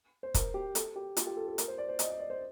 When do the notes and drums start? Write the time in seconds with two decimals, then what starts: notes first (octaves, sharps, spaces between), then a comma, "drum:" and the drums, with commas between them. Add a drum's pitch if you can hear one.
0.23 C5
0.34 A#4, drum: kick, hi-hat
0.54 G4
0.75 A4, drum: hi-hat
0.96 G4
1.17 F4, drum: hi-hat
1.27 G4
1.37 A4
1.48 A4
1.58 A#4, drum: hi-hat
1.68 C5
1.78 D5
1.89 C5
1.99 D#5, drum: hi-hat
2.10 D#5
2.20 D5
2.30 C5